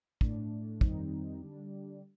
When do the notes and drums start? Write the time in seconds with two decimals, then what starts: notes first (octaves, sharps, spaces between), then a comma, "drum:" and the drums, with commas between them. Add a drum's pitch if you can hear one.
0.21 A2 A3 D4, drum: kick
0.81 F2 D#3 G3 C4 D#4, drum: kick
1.41 D3 G3 D4